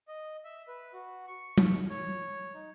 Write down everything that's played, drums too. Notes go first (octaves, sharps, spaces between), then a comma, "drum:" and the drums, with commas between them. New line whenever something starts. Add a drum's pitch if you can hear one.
D#5
E5
B4
F#4
C#6
drum: tom
C#5
D#4